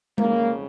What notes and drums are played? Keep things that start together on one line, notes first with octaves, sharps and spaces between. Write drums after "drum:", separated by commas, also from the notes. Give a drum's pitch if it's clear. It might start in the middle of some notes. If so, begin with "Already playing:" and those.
F2 C#3 A#3, drum: tom G#3